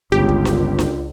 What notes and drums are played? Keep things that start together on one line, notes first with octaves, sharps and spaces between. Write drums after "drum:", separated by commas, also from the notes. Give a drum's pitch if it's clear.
G1 C#2 F4 G4
drum: kick
drum: snare D4
drum: snare D4